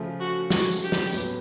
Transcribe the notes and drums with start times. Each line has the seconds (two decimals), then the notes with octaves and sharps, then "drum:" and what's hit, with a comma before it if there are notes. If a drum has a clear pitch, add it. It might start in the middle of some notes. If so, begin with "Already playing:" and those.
Already playing: C#3 F3 A3
0.20 F#4
0.50 F#4, drum: snare
0.71 drum: tambourine
0.82 G4
0.92 drum: snare
1.13 A2 F#3 B3, drum: tambourine